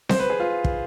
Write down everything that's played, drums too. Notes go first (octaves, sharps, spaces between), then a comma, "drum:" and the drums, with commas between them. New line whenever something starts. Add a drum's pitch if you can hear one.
C5, drum: snare C4
B4
G#4
F4
drum: kick